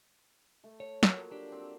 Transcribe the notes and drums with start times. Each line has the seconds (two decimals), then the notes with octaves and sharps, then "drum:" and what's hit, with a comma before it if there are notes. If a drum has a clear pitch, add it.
0.64 A3
0.80 C#5
1.03 F3 F#3 A#3, drum: snare
1.31 D4 G4
1.52 C4